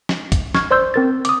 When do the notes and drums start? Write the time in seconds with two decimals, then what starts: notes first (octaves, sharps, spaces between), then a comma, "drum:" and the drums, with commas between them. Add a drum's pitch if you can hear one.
0.09 drum: snare
0.32 drum: kick, hi-hat
0.55 C#6 F6 G#6, drum: snare
0.71 C5 D5 C6 E6 G6
0.94 C4 A#4 A6
1.25 D6 D#6, drum: hi-hat